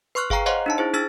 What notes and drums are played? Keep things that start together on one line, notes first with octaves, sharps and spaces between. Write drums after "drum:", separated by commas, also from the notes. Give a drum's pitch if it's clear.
B4 C6 C#6 F6 F#6
G#4 F5 G5 A#5 C7, drum: kick G1
C5 C#5 D#5 F5 F#5 C6
D4 D#4 A5
E4 G#4 C5
D4 G#4 E6 F6 A6